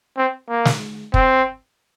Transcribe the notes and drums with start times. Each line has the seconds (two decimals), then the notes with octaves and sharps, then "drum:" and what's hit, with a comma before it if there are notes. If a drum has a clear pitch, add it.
0.17 C4
0.49 A#3
0.65 drum: snare
1.14 C4, drum: kick